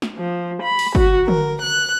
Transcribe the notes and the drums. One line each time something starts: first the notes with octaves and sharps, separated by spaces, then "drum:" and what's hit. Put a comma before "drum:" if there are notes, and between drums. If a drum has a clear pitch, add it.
drum: snare
F3
B5
drum: open hi-hat
F#4, drum: kick G1
A#4, drum: tom D3
F#6